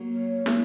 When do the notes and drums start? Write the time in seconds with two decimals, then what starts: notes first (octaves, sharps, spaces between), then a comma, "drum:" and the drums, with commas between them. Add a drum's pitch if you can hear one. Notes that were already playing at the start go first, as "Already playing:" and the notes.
Already playing: F#3 A#3
0.13 C#5
0.46 drum: snare